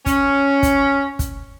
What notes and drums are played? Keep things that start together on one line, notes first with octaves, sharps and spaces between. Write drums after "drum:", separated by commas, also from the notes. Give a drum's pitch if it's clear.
C#4, drum: kick, hi-hat
drum: kick, hi-hat
drum: kick, hi-hat